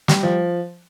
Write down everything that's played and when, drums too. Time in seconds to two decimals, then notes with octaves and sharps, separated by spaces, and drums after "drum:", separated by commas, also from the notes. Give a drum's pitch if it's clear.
0.08 G3, drum: snare
0.23 F3